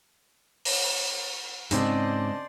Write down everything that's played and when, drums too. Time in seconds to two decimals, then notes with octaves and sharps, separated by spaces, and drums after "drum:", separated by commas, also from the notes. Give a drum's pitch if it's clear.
0.65 drum: open hi-hat
1.71 G#2 C#3 C4 D4 C5 D5 D#5 C6, drum: hi-hat